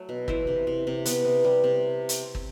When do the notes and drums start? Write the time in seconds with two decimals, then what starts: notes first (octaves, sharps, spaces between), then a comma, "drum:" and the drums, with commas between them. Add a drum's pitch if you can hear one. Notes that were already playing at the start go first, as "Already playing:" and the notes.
Already playing: F#3 A3
0.09 B2
0.28 E3 C5 E5, drum: kick
0.47 C3
0.67 C3
0.87 C3
1.06 B3, drum: hi-hat
1.25 C3
1.45 G3
1.64 C3
2.09 drum: hi-hat
2.35 drum: kick